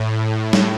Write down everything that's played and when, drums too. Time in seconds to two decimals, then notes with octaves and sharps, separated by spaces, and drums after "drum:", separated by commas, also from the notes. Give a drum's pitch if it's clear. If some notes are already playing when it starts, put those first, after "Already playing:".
Already playing: A2
0.53 drum: snare G3